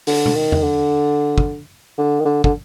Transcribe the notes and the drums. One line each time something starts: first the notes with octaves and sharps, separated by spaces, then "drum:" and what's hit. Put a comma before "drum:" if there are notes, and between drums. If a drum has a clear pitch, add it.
D3, drum: open hi-hat
drum: tom B2
D#3
drum: tom E2
D3
drum: kick
D3
D#3
D3
D3, drum: kick